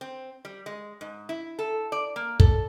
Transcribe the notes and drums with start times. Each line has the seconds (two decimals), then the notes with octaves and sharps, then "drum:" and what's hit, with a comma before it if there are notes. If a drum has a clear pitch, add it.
0.01 C4
0.45 G3
0.66 G#3
1.01 G#2
1.29 E4
1.59 A4
1.92 D5
2.16 A#3
2.40 A4, drum: kick